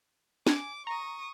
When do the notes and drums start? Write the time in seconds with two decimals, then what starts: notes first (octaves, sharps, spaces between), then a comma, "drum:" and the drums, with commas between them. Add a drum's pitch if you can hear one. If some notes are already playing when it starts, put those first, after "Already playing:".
0.47 G#5 D6, drum: snare
0.87 A#5 C#6 D#6